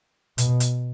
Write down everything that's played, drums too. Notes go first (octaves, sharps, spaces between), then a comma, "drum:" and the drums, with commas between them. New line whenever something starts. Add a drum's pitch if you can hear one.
B2, drum: hi-hat
drum: hi-hat